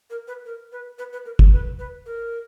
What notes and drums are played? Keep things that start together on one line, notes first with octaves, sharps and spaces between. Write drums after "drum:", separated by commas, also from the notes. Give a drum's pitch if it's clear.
A#4
B4
A#4
B4
B4
B4
A#4
A4, drum: kick
B4
B4
A#4